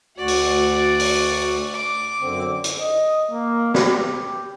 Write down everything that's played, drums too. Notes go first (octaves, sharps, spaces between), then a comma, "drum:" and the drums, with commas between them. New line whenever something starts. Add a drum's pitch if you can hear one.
D2 F#4 D5 F#5
drum: open hi-hat
drum: open hi-hat
D6
F#2 D3 C4
drum: hi-hat
D#5
A#3
G4, drum: snare